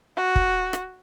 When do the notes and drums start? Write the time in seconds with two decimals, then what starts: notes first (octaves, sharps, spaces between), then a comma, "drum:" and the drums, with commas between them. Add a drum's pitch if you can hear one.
0.17 F#4
0.36 drum: kick
0.73 drum: rim click